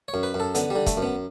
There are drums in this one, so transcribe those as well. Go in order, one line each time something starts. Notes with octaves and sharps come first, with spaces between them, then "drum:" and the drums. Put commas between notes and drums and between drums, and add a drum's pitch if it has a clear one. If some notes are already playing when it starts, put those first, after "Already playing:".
C#5
F#2
B4
F#2
A4
D3 B3, drum: hi-hat
G3
D3
A3, drum: kick, hi-hat
F#2 B3